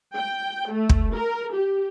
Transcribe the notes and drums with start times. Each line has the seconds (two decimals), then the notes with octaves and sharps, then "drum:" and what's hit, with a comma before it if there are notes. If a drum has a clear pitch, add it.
0.16 G5
0.72 A3
0.90 drum: kick
1.16 A#4
1.55 G4